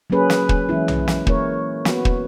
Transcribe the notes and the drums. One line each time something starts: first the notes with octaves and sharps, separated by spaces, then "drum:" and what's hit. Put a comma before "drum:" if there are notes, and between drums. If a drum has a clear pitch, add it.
F#3 A#3 C#4 G#4 B4
drum: snare
drum: kick
E3 G#3 C#4 E4
drum: tom B1
drum: snare
A#3 E4 A#4 C#5, drum: kick
B3 F#4 B4, drum: snare
drum: kick